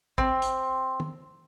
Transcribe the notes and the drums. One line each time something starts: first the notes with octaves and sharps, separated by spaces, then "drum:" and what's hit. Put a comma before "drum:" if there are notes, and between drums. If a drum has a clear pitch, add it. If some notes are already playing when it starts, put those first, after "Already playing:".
C4, drum: kick
drum: hi-hat
drum: tom